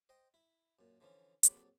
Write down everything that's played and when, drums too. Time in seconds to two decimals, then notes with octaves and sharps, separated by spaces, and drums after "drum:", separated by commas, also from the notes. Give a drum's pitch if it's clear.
0.09 C5 D#5 G5
0.34 E4
0.79 F#2 A#2
1.00 D3 E3 F3 C#4
1.43 A#1 F2 F#3 A4 C#5 D5, drum: hi-hat